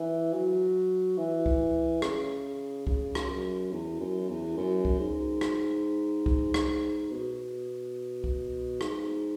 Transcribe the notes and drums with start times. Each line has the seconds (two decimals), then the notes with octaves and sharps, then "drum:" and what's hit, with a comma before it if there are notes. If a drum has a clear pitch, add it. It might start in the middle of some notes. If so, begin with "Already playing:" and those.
Already playing: E3
0.33 F#3
1.18 E3
1.46 drum: kick C2
2.02 C#3, drum: rim click
2.87 C#3, drum: kick C2
3.15 drum: rim click
3.29 F#2
3.71 E2
4.00 F#2
4.29 E2
4.57 F#2
4.85 drum: kick C2
4.99 G#2
5.41 drum: rim click
6.26 drum: kick C2
6.54 drum: rim click
7.11 B2
8.24 drum: kick C2
8.81 G#2, drum: rim click